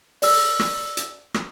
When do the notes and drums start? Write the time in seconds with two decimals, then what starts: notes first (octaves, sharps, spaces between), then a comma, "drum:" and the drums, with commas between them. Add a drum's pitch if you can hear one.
0.22 D5 E6, drum: open hi-hat
0.59 drum: rim click
0.97 drum: hi-hat
1.34 drum: rim click